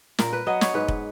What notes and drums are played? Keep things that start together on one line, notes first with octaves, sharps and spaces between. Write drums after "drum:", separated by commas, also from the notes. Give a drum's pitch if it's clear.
A#2 A#4, drum: snare
B4
F#3 B3 D#5
C#5, drum: snare
G#2 B4
drum: kick